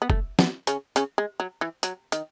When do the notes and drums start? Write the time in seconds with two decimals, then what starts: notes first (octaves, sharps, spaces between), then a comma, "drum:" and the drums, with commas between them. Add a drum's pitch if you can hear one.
0.02 B3
0.10 A3, drum: kick
0.39 B3, drum: snare
0.67 C#3 C#4, drum: hi-hat
0.96 C#3 C#4, drum: hi-hat
1.18 G#3
1.40 F#3
1.61 E3
1.83 F#3, drum: hi-hat
2.12 D#3, drum: hi-hat